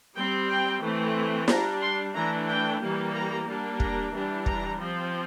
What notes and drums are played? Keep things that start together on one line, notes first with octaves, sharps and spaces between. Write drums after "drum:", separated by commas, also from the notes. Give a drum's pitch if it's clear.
G3 C4 G5
G5
E3 A3 C4
G3 D4 A#5, drum: snare
C6
E3 A3 D4 A#5
G5
E3 G3 A#3
A#5
G3 A#3 D4
A#5, drum: kick
E3 G3 D4
A#5, drum: kick
F3 C4